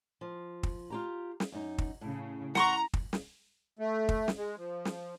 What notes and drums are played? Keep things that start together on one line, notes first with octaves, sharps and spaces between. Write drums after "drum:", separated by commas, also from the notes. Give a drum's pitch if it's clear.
F3
drum: kick
F4 G4 A#5
drum: snare
F#2 D#4
drum: kick
A2 C#3
F#5 A#5 C6 C#6, drum: snare
drum: kick
drum: snare
A3
drum: kick
drum: snare
G#3
F3
drum: snare